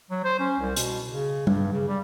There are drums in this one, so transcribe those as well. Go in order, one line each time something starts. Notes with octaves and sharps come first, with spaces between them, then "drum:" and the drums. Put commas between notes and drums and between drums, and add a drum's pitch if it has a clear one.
F#3
C5
C#4
C2
B2, drum: hi-hat
C#3
G2, drum: tom G3
C#3
G3